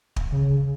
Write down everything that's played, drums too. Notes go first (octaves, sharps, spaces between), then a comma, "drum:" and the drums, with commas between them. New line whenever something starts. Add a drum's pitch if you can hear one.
drum: kick
C#3